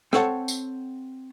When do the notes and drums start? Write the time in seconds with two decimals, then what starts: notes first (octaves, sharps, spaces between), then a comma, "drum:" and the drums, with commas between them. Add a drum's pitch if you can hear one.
0.13 C4 A4 C#5 F#5 A5, drum: rim click
0.48 drum: tambourine